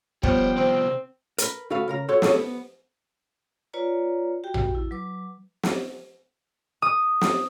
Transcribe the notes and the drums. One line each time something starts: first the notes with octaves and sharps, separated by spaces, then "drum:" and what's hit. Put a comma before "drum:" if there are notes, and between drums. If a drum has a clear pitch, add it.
F3 G3 B3 C5 C#5 G5, drum: kick
C3 D#3 C4
A#4 B4, drum: hi-hat
D2 F#4 A4 B4 F5
C#3 A#4 A#5
F#4 A4 C5 C#5
G#4 A4 C#5 A5, drum: snare
B3
F4 B4 C#5 D5 A#5
F#4 G4 G5
drum: tom A#1
E4
F#3 B4 D6
drum: snare
D#6
drum: snare